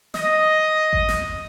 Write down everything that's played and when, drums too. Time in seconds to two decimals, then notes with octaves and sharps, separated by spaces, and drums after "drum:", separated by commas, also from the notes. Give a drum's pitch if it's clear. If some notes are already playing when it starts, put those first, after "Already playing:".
0.14 D#5, drum: snare
0.93 drum: kick G#1
1.09 drum: snare